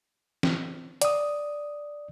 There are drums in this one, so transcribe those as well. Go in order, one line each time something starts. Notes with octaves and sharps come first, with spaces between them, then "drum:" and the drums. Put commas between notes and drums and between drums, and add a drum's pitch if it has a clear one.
drum: snare
D5 D#6, drum: hi-hat